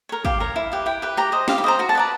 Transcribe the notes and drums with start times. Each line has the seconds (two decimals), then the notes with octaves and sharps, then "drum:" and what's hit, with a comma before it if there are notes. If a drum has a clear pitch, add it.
0.09 A#4 C#5
0.25 G4 F5, drum: kick
0.40 A#4 C#5
0.56 E4
0.72 G4 B4
0.86 E4 G5
1.02 G4 B4
1.17 G4 A#5
1.32 C5 D#5
1.48 G4 F5, drum: snare
1.58 B5
1.64 C5 D#5 A#5
1.79 F#4 A#5
1.89 A5
1.95 B4 D5 A#5